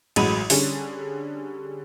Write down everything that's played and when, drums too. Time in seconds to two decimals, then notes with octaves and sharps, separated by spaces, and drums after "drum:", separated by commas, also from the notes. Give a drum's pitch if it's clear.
0.16 A1 F#3 G#3 B5 D#7, drum: cymbal
0.50 D3 G3 C#4 G#4, drum: open hi-hat